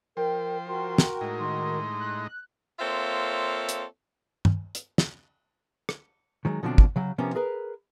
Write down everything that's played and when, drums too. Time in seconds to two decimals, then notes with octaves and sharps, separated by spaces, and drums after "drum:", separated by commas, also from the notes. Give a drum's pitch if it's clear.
0.17 F3 A#4 C5 G5
0.68 F#4 A#4 C6
0.98 drum: snare
1.21 A2 G#3 D#4
1.40 D#3 C6
2.00 F#6
2.80 A#3 C4 F4 A4 C#5 E5
3.69 drum: hi-hat
4.45 drum: tom
4.75 drum: hi-hat
4.98 drum: snare
5.89 drum: rim click
6.45 D#3 F#3 G#3
6.63 B2 D3 F3 F#3 C4 D4
6.78 drum: kick
6.96 C#3 F#3
7.18 C3 F3 A#3 B3 C#4
7.35 G#4 A#4 B4